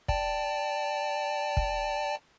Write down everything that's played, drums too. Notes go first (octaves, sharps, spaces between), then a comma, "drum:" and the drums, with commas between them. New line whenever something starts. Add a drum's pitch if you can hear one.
D5 G5 A5, drum: kick
drum: kick